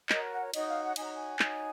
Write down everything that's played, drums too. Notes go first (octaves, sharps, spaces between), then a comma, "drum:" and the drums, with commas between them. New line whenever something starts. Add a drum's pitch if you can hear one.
F#4 A#4 C#5 D#5, drum: clap
F#5
C#5
D#4 F#4 C#5 D#5, drum: cymbal
F5
F#5
D#4 F#4 C#5 G#5, drum: cymbal
A#5
G#5
D#4 F#4 C#5, drum: clap